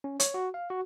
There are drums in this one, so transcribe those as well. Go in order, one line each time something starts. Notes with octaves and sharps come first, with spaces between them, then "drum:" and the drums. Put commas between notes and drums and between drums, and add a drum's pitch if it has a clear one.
C#4
C#5, drum: hi-hat
F#4
F5
F#4